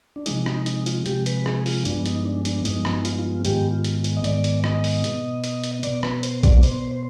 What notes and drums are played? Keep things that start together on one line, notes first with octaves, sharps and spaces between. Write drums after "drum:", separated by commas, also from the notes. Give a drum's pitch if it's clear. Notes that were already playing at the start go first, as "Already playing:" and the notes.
D4
C3 F3 G#3 D#4, drum: hi-hat
D#4, drum: rim click
D#4, drum: hi-hat
F4, drum: hi-hat
C3 F3 G#3 G4, drum: hi-hat
B4, drum: hi-hat
G#4, drum: rim click
F4, drum: open hi-hat
G2 F3 G#3 B3 D4, drum: hi-hat
D#4, drum: hi-hat
D4
D4, drum: hi-hat
G2 F3 G#3 B3 D#4, drum: hi-hat
drum: rim click
F4, drum: hi-hat
D#4
F4
G#2 D#3 G#3 B3 G4, drum: hi-hat
F4
drum: hi-hat
drum: hi-hat
D#5
G#2 D#3 G#3 B3 D5, drum: hi-hat
drum: hi-hat
D#5, drum: rim click
drum: open hi-hat
B2 B3, drum: hi-hat
drum: hi-hat
drum: hi-hat
B2 B3 D5, drum: hi-hat
B4, drum: rim click
C5, drum: hi-hat
D5, drum: kick A#1, hi-hat
B2 B3 C5, drum: hi-hat
C5